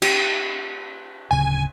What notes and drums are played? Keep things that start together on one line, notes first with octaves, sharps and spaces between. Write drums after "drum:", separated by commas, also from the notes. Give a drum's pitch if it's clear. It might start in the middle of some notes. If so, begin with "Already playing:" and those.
G4, drum: cymbal
D1 C#3 G#5